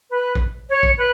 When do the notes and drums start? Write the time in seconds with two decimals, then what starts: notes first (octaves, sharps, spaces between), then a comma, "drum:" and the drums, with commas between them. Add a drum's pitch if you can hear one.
0.10 B4
0.35 drum: kick
0.69 C#5
0.83 drum: kick
0.98 B4